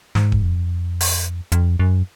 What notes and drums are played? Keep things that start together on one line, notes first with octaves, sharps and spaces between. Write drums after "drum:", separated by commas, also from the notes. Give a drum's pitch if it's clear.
G#2, drum: snare
drum: kick D#1
F2
drum: open hi-hat
F2, drum: hi-hat
F#2